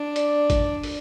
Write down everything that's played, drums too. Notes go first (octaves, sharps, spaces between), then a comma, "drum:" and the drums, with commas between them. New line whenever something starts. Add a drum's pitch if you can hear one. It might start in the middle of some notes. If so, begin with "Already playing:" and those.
Already playing: D4
D5, drum: hi-hat
drum: kick G#1, hi-hat
drum: open hi-hat